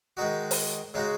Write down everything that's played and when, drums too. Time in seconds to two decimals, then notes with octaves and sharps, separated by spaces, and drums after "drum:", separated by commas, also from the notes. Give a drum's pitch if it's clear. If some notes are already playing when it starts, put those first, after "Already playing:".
0.17 D#3 G#3 D#4 F#4
0.51 drum: open hi-hat
0.94 C#3 G#3 D#4 F#4